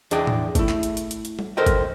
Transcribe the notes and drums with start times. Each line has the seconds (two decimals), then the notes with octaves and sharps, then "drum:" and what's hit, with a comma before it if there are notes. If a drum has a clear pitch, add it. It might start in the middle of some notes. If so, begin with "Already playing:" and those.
0.11 E2 D4 G#4 D5 D#5 G5, drum: hi-hat
0.27 drum: tom A2
0.55 A3 E4, drum: kick, hi-hat
0.69 drum: clap
0.83 drum: hi-hat
0.97 drum: hi-hat
1.11 drum: hi-hat
1.25 drum: hi-hat
1.39 drum: tom G3
1.57 A4 A#4 C5 D#5 G5
1.66 drum: kick, hi-hat